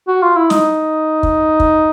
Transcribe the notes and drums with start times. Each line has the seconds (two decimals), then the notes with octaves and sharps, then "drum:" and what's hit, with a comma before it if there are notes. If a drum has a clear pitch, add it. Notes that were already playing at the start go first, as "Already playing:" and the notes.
0.08 F#4
0.22 F4
0.36 E4
0.50 D#4, drum: snare
1.23 drum: kick
1.60 drum: kick